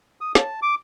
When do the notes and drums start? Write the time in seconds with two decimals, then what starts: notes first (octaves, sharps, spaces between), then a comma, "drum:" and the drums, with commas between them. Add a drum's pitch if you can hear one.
0.21 D#6
0.35 A5, drum: snare
0.62 D6